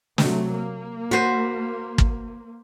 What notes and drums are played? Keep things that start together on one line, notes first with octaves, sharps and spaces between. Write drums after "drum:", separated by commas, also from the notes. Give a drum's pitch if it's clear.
C3 F#3 A3, drum: snare
A#3
F#4 B4 C5
drum: kick